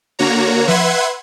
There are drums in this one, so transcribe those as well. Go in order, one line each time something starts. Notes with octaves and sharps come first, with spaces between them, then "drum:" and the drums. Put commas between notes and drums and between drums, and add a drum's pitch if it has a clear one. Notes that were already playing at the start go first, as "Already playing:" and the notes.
D3 A#3 F#4 C#5 A#5
B4 E5 F#5 C6 G#6, drum: tom F3